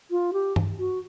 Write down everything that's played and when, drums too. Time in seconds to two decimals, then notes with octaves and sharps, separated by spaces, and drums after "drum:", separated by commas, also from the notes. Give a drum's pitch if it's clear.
0.11 F4
0.33 G4
0.56 drum: tom G2
0.79 F#4